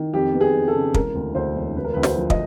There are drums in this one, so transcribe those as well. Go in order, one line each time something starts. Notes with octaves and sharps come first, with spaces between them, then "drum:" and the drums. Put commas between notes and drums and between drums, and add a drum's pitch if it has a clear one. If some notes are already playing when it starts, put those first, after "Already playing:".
Already playing: D#3
F2 G4
B3
G#4
F2
A4
C#3
E1 A#4, drum: kick
D2
D2 C5
E1
D2 B4
A#4
D2 B4
C5, drum: snare
F3
D#5, drum: kick